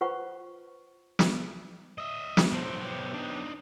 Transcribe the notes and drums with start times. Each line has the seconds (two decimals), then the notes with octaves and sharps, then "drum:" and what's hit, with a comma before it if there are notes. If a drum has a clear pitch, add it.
0.01 F4 B4 C5 F#5 C#6
1.19 drum: snare
1.98 D#5 E5
2.37 drum: snare
2.52 B1 A2 C4 D4 D#4
2.80 F#3 B3 G4
3.14 D4 D#4